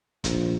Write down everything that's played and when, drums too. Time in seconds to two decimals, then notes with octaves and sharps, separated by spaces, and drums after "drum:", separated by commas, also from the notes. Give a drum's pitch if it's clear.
0.24 A#1, drum: kick, hi-hat